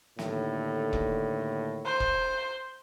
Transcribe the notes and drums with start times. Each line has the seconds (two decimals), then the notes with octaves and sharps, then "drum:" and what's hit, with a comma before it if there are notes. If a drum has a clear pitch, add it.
0.19 D#2 A2 D3, drum: snare
0.93 drum: kick
1.85 C5
2.00 drum: kick